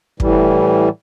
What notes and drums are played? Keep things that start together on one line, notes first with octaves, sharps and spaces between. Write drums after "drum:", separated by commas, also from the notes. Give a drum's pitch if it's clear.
A2 E3 G3, drum: kick